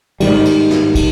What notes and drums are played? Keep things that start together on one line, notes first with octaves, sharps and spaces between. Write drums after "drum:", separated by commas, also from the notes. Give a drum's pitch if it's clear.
G#2 D#3 G3, drum: cymbal
drum: cymbal
drum: snare
drum: kick, cymbal